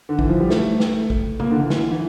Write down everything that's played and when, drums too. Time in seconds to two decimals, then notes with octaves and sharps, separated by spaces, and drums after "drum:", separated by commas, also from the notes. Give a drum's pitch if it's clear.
0.09 D3
0.19 E3, drum: kick A1
0.29 F3
0.40 G3
0.50 A3, drum: snare
0.80 drum: snare
1.10 drum: kick A1
1.40 A#3, drum: tom C#3
1.51 D3
1.60 E3
1.70 drum: snare
1.92 E3